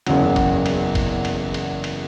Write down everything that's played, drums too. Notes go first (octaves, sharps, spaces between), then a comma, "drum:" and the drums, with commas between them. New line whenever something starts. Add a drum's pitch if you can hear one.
F#1 E2 C#3 F#3, drum: cymbal
drum: kick G1, cymbal
drum: cymbal
drum: kick G1, cymbal
drum: cymbal
drum: cymbal
drum: cymbal